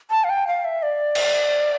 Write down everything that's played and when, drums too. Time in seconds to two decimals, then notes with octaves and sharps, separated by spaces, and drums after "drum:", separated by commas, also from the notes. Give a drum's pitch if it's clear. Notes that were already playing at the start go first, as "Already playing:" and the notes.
0.11 A5
0.24 F5
0.30 G5
0.47 F5
0.65 E5
0.83 D5
1.15 drum: cymbal